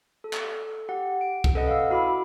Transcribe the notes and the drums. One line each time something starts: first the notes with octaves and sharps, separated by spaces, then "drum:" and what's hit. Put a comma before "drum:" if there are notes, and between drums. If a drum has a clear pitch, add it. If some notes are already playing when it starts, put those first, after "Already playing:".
A4
drum: clap
G4 F#5
D7
drum: kick C2
C#4 A4 B4 D#5 F#5
F5 E6
E4 F#4 B5 D6